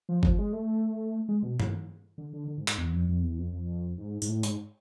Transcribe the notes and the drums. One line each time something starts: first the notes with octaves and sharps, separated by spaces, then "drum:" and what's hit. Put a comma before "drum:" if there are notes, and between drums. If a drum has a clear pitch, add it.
F3
F3, drum: kick
G#3
A3
G#3
B2
drum: tom G2
D3
D3
D3
G#2
G#2, drum: clap
E2
F2
F2
E2
F2
F2
G#2
G#2, drum: tambourine
A2
G#2, drum: hi-hat